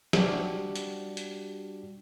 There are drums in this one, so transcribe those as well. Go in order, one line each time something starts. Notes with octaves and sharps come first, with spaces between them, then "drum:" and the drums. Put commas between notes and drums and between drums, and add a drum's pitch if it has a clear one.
G3 D4 F#4 G4, drum: snare
drum: hi-hat
drum: hi-hat